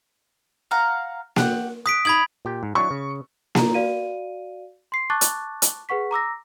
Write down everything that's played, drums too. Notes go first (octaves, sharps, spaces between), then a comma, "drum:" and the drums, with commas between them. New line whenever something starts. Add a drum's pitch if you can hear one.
F5 F#5 A#5
G4 F#5 F#6, drum: snare A#3
D#6 F#6 B6 D7
D#4 B5 G#6 F#7
A#2 G4 G5
G#2
F#3 D4 E4 C#6
C#3
E4 F4 A#5, drum: snare A#3
F#4 D5 F5 D#7
C6 C7
A5 C#6 D6 F#6 A6
drum: hi-hat
drum: hi-hat
G#4 B4 F#5 C#6 B6
A#5 D6 E6 A#6